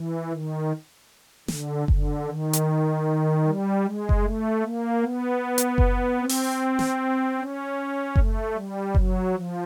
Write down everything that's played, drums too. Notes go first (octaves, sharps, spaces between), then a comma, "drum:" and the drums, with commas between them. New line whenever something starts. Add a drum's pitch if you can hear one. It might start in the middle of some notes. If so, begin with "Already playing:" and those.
Already playing: E3
D#3
D3, drum: snare
D3, drum: kick F#1
D#3
drum: hi-hat
G3
G#3
drum: kick F#1
A3
A#3
B3
drum: hi-hat
drum: kick F#1
C4
drum: open hi-hat
drum: snare
C#4
A3, drum: kick F#1
G3
F#3, drum: kick F#1
F3